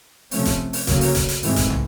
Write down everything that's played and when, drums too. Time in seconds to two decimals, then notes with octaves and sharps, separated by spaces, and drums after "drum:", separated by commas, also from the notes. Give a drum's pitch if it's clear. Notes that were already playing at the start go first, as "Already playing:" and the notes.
0.31 C3 F3 A3 C#4, drum: open hi-hat
0.45 drum: kick, hi-hat
0.73 drum: open hi-hat
0.87 D2 C#3 F#3 A#3 C#4, drum: kick, hi-hat
1.01 drum: open hi-hat
1.15 drum: kick, hi-hat
1.29 drum: hi-hat
1.43 G#2 E3 A3 C4, drum: open hi-hat
1.56 drum: kick, hi-hat
1.70 drum: tom